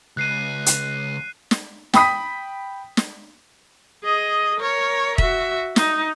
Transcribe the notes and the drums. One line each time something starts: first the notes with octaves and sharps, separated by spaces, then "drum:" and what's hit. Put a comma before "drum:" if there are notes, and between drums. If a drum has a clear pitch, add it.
C#2 F#6 C7 D#7
drum: hi-hat
drum: snare
G5 B5 D#6 B6, drum: snare
drum: snare
G#4 D#5
A#4 C#5
F#4 E5, drum: kick
D#4, drum: snare